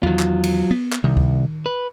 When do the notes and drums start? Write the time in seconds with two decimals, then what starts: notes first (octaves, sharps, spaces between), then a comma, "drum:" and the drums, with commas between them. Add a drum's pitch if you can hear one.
0.03 E2 D#3 F#3 F4
0.19 drum: clap
0.44 drum: cymbal
0.71 B3
0.92 drum: clap
1.04 C2 D#3
1.17 drum: kick C#2
1.66 B4